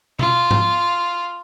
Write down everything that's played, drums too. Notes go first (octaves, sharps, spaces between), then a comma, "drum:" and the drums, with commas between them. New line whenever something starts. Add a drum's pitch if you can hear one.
F4, drum: tom B2
drum: tom G#2